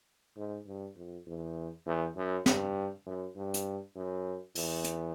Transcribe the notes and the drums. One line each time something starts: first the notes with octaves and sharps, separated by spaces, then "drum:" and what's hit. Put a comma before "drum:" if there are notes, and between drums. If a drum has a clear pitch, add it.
G#2
G2
F2
E2
E2
F#2
G2, drum: snare
F#2
G2
drum: hi-hat
F#2
E2, drum: open hi-hat
drum: hi-hat